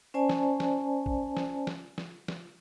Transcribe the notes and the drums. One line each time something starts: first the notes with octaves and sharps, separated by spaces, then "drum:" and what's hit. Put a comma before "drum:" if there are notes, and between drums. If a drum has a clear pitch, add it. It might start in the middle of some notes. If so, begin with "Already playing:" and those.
C#4 C5 D5 G#5 A5
drum: snare
drum: snare
drum: kick
drum: snare
drum: snare
drum: snare
drum: snare